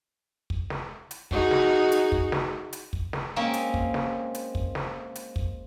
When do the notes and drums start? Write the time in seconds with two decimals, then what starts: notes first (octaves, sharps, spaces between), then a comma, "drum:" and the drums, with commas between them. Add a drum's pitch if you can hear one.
0.50 drum: kick
0.70 drum: snare
1.11 drum: hi-hat
1.31 D#4 F#4 G#4, drum: kick
1.51 drum: snare
1.92 drum: hi-hat
2.12 drum: kick
2.32 drum: snare
2.73 drum: hi-hat
2.93 drum: kick
3.13 drum: snare
3.36 G#3 A#3 C4 C#4 A#4
3.54 drum: hi-hat
3.74 drum: kick
3.94 drum: snare
4.35 drum: hi-hat
4.55 drum: kick
4.75 drum: snare
5.16 drum: hi-hat
5.36 drum: kick